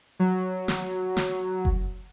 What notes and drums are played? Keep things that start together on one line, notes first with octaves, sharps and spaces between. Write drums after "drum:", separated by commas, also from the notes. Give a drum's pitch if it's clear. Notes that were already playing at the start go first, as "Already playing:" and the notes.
F#3
drum: snare
drum: snare
drum: kick F#1